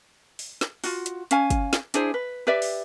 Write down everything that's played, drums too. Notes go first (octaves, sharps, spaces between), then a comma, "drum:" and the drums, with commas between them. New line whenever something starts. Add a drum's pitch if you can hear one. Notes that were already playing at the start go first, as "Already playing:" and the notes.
drum: open hi-hat
drum: snare
F4 F#4, drum: open hi-hat
drum: hi-hat
C#4 F5 G#5, drum: hi-hat
drum: kick, hi-hat
drum: snare
D4 E4 G#4 C5, drum: hi-hat
B4
G4 B4 D5 E5
drum: open hi-hat